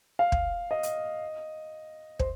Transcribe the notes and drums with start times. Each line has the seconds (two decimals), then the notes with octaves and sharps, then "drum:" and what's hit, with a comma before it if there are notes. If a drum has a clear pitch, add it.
0.19 F5
0.32 drum: kick
0.71 D#5
0.83 drum: hi-hat
2.19 C5, drum: kick